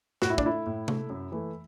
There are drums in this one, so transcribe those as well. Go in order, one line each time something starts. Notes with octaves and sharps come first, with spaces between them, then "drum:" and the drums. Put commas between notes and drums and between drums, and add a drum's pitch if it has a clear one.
A2 F#4, drum: snare
E4
D4, drum: kick
A3 E4
A2
A3, drum: tom
F#2
E3 A3